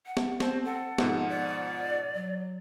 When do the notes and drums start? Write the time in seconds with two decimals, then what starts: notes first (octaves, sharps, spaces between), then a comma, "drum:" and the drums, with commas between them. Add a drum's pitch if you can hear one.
0.06 F#5
0.17 drum: snare B3
0.40 C4 C5 A5, drum: snare B3
0.65 A4 F#5
0.98 G#2 B2 F3, drum: snare B3
1.29 D5
2.15 F#3